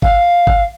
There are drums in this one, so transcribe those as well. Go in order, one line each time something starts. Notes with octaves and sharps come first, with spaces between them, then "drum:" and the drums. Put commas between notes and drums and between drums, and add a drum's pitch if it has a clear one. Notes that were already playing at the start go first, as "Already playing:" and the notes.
F5, drum: kick G#1
drum: kick G#1